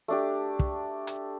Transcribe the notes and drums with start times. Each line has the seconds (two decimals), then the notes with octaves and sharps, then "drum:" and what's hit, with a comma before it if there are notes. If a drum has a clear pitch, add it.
0.08 A3 D4 G4
0.59 drum: kick
1.07 drum: hi-hat